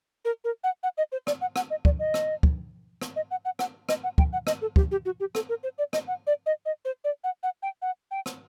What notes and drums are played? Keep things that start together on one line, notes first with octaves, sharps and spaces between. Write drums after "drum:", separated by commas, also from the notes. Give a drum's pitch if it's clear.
A#4
A#4
F#5
F#5
D#5
C5
D5, drum: rim click
F#5
F#5, drum: rim click
D#5
D5, drum: kick
D#5
drum: rim click
drum: kick
drum: rim click
D#5
F#5
F#5
F#5, drum: rim click
D#5, drum: rim click
F#5
G5, drum: kick
F#5
D#5, drum: rim click
A4
G4, drum: kick
G4
F#4
G4
A4, drum: rim click
A#4
C5
D5
D#5, drum: rim click
F#5
D5
D#5
D#5
C5
D5
F#5
F#5
G5
F#5
G5
drum: rim click